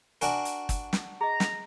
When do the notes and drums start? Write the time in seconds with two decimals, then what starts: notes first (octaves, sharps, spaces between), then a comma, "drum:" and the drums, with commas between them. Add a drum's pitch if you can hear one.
0.21 D4 F#4 A#4 G#5, drum: hi-hat
0.45 drum: hi-hat
0.69 drum: kick, hi-hat
0.93 drum: snare
1.21 G#4 D#5 A#5
1.40 drum: snare